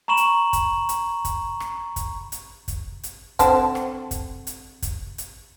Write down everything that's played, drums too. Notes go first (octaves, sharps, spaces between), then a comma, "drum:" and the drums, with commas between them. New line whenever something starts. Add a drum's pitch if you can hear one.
A#5 B5 C#6 E7 F#7
drum: hi-hat
drum: kick, hi-hat
drum: hi-hat
drum: kick, hi-hat
drum: rim click
drum: kick, hi-hat
drum: hi-hat
drum: kick, hi-hat
drum: hi-hat
D3 C4 A5, drum: kick, hi-hat
drum: rim click
drum: kick, hi-hat
drum: hi-hat
drum: kick, hi-hat
drum: hi-hat